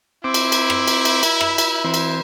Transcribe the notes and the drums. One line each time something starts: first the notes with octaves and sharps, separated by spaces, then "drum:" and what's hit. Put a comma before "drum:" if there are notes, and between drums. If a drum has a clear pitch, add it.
C4 E4 D6
drum: cymbal
drum: cymbal
drum: rim click
drum: cymbal
drum: cymbal
drum: cymbal
E5, drum: rim click
drum: cymbal
E3 C4
drum: cymbal